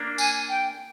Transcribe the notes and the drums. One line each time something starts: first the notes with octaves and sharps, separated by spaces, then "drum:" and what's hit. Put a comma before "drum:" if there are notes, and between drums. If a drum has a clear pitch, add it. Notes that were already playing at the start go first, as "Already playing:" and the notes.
Already playing: A#3 D4
G#5, drum: tambourine
G5